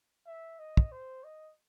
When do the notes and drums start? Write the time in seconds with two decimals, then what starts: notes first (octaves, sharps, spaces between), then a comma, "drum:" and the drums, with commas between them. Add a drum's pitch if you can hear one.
0.26 E5
0.59 D#5
0.77 drum: kick
0.92 C5
1.24 D#5